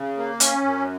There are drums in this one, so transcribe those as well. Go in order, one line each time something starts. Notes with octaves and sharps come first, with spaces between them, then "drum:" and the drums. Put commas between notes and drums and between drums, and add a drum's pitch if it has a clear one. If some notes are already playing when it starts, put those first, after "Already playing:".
Already playing: C#3
A#3
C#4, drum: hi-hat
F#2